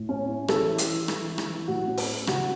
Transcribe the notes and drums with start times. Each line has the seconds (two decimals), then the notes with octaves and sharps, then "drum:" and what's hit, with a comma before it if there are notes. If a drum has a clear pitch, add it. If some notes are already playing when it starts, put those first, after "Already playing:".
Already playing: A2
0.09 C#4
0.29 E4
0.48 E3 A4, drum: rim click
0.68 E4
0.78 drum: hi-hat
0.88 E3
1.08 E3, drum: rim click
1.28 E4
1.38 drum: rim click
1.47 E3
1.68 A2 F#4
1.87 C#4
1.97 drum: open hi-hat
2.07 E4
2.27 C#3 F#4, drum: rim click